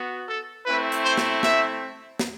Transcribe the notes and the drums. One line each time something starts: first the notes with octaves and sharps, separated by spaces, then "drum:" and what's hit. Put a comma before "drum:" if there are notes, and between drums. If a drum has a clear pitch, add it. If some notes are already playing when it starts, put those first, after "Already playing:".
Already playing: B3 F#4
A4
A3 C4 E4 B4
drum: hi-hat
C5
drum: snare
E5, drum: snare
drum: snare